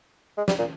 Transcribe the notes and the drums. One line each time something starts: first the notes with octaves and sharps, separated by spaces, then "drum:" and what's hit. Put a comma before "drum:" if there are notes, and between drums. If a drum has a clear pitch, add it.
G#3
G3, drum: snare
A#2